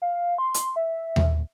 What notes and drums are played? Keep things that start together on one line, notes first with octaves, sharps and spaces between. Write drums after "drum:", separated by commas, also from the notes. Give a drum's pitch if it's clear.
F5
C6
drum: hi-hat
E5
drum: tom D#2